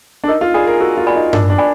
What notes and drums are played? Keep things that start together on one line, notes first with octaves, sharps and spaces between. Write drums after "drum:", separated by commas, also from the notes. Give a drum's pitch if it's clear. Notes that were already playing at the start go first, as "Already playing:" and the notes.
D4
D#4 A#4
F4
G#4 D5 G#5 B5
A#4
F#4 A#4
F4
D5 G#5 B5
D#4
D4 A#4, drum: tom G2
D4
D5 G#5 B5